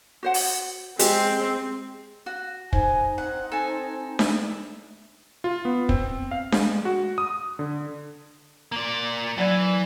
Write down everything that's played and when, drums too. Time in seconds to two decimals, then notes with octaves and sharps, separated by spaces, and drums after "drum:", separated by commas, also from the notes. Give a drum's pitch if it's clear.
0.23 F#4 C5 F#5
0.34 drum: open hi-hat
0.99 G#3 C4 G4, drum: hi-hat
2.26 F#4
2.73 D#4 C5 G#5, drum: kick
3.18 C4 F#5
3.52 A4 G#5
4.19 E5, drum: snare D4
5.44 F4
5.65 B3
5.89 C4, drum: kick
6.31 F5
6.52 G#3, drum: snare D4
6.85 F#4
7.18 D#6
7.59 D3
8.72 A#3 D5
9.38 E3 F#3 D5 G#6